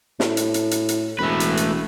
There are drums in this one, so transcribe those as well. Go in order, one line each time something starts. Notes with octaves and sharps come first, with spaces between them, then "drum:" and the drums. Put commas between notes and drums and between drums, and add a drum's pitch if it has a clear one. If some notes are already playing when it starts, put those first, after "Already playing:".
A2, drum: snare
drum: hi-hat
drum: hi-hat
drum: hi-hat
drum: hi-hat
E1 A3 B4
drum: hi-hat
drum: hi-hat